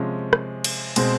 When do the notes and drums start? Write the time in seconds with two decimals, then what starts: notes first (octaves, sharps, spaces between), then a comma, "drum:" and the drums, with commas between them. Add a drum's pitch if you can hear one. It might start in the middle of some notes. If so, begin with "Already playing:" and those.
Already playing: C3 F3 G#3 C#4
0.33 drum: rim click
0.64 drum: cymbal
0.96 B2 G#3 C4, drum: cymbal